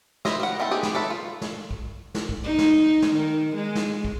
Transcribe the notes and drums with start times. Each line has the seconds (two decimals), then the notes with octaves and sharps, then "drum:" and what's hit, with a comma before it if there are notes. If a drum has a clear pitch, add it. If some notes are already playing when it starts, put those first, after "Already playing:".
0.25 B4 C5 D#5 E5, drum: snare
0.40 G3 F#5
0.59 G#3 A3 C4 E4 A4
0.71 B3 D#4 G4 G#4
0.83 drum: snare
0.95 A4 B4 C#5 E5
1.10 F4
1.41 drum: snare
1.71 drum: kick
2.15 drum: snare
2.29 drum: kick
2.44 D#4
2.58 drum: snare
3.02 drum: snare
3.14 D#3
3.55 G#3
3.75 drum: snare
4.05 drum: kick